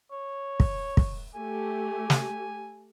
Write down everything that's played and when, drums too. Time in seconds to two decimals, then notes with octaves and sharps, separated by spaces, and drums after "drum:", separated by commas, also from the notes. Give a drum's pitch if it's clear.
0.12 C#5
0.60 drum: kick
0.97 drum: kick
1.35 A3 G4 G#5
2.10 drum: snare